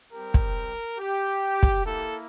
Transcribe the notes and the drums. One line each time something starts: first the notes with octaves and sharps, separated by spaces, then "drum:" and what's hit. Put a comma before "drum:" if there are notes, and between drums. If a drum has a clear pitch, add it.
G3 C4 G4 A#4
drum: kick
G4
drum: kick
A#3 E4 G4 A4